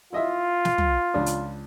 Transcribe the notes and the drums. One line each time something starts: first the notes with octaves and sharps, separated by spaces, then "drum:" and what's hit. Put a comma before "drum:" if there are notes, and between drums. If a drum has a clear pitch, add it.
E4 F4 D#5 E5
drum: snare
drum: tom
C#2 D4
drum: hi-hat